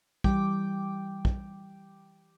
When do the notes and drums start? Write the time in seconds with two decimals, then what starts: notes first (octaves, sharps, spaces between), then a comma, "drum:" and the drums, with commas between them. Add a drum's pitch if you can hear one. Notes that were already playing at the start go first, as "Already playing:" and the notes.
0.24 E3 G3 G5 D6, drum: kick
1.25 drum: kick